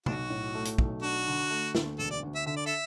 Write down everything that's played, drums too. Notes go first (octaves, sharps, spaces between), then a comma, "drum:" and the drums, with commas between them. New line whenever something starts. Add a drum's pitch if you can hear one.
B1 D4 F#4, drum: tom
A2
A3
drum: hi-hat
B1, drum: kick
D4 F#4
D3
A3
D2, drum: snare
E1 A4
D5
D2
E5
D3 E5
D5
A4 E5